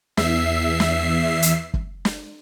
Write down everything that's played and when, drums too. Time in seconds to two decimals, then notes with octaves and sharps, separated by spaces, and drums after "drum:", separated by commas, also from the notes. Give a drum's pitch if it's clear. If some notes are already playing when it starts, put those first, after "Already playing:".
0.17 E2 E5 C7, drum: snare
0.80 drum: snare
1.42 drum: hi-hat
1.74 drum: kick
2.05 drum: snare